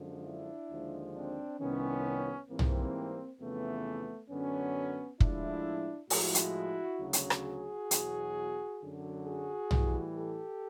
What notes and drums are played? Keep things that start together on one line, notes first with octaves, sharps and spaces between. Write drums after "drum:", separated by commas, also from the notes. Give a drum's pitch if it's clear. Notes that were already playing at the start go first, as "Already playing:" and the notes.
Already playing: F#2 D3 F3 G#3
D4 E4
D#2 D3 F3 G#3
C4 D4
C2 C3 D#3 B3 C#4
G#2 E3 G3 A#3 C4
drum: tom
F2 C#3 E3 A3 B3
F#2 D3 F#3 B3 C#4
A2 F3 G#3 D4 E4, drum: kick
A2 F3 G#3 E4 F#4, drum: open hi-hat
drum: hi-hat
D2 C#3 F#3
drum: hi-hat
drum: rim click
F#4 G#4
E2 B2 F#3, drum: hi-hat
F#2 D3 F#3
F#4 G#4
A2 E3 G3, drum: tom
G4 A4